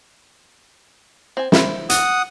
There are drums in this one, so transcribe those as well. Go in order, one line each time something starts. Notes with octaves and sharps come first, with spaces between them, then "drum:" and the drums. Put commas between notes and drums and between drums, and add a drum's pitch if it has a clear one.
C4 G#5
E4 C5, drum: snare
F#5 D#6, drum: hi-hat